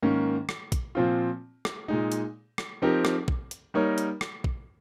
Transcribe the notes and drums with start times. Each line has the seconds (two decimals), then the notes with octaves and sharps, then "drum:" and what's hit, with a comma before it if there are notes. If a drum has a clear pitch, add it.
0.03 G#2 D#3 A#3 C#4
0.49 drum: rim click
0.72 drum: kick, hi-hat
0.95 A#2 F3 C4 F4
1.65 drum: rim click
1.88 A#2 G#3 D#4
2.12 drum: hi-hat
2.58 drum: rim click
2.82 F3 C4 D#4 G4 A#4
3.05 drum: rim click
3.28 drum: kick
3.51 drum: hi-hat
3.74 G3 A#3 D#4 A#4 C#5
3.98 drum: hi-hat
4.21 drum: rim click
4.44 drum: kick